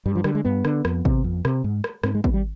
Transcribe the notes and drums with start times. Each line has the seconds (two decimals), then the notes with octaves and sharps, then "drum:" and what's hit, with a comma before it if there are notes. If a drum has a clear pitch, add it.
0.06 G2 G3
0.15 F3
0.24 D3 G3, drum: rim click
0.35 G#3
0.45 G2 B3
0.65 D3, drum: rim click
0.85 F2, drum: rim click
1.05 C3, drum: kick G#1
1.24 F2
1.45 C3, drum: rim click
1.64 G#2
1.84 drum: rim click
2.03 G#2 C4, drum: rim click
2.15 G#3
2.24 B3, drum: kick G#1
2.34 G3